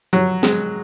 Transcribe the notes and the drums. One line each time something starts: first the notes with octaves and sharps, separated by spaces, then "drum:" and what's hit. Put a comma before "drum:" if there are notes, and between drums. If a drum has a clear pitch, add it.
F#3, drum: hi-hat
G#3, drum: snare